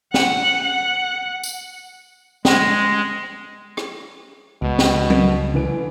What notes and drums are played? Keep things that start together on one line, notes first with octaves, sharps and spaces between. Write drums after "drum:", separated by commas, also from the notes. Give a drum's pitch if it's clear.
F#5, drum: snare
F#5
drum: tambourine
G#3, drum: snare
drum: rim click
C#2 B2 G#3
drum: snare
drum: tom F#3
D3 E3 D7